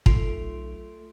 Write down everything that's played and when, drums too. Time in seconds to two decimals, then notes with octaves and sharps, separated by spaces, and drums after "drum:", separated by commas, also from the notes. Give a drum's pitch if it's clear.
0.06 B1 A3 F4 C6 D7, drum: kick